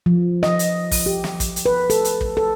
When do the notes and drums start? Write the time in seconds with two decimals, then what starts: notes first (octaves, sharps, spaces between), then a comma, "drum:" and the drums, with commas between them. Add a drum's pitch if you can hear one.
0.06 F3
0.43 D#5, drum: snare
0.59 drum: hi-hat
0.91 drum: kick, open hi-hat
1.06 G4
1.24 drum: snare
1.40 drum: kick, hi-hat
1.56 drum: hi-hat
1.66 B4
1.90 A4, drum: hi-hat
2.05 drum: hi-hat
2.21 drum: kick
2.37 A4